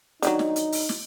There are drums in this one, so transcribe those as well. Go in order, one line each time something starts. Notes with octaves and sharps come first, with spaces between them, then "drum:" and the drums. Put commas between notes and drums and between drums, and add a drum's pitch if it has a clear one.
D3 D#3 F#3 D#4, drum: hi-hat
drum: snare
drum: hi-hat
drum: open hi-hat
drum: snare